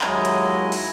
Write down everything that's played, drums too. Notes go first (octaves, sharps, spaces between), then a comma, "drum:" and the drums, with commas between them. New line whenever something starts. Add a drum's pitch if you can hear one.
D#2 F#3 G#3 E4 D#5 G#5, drum: clap
drum: hi-hat
drum: open hi-hat